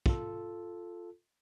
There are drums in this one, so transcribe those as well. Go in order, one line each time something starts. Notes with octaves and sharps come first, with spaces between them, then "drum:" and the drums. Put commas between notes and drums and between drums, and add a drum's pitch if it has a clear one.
F4 A4, drum: kick